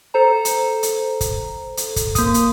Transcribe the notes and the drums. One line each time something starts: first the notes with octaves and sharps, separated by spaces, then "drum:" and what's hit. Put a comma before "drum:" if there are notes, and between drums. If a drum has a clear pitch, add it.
A4 C5 A#5
drum: hi-hat
drum: hi-hat
drum: kick, hi-hat
drum: hi-hat
drum: kick, hi-hat
A#3 D#6, drum: kick, hi-hat
drum: hi-hat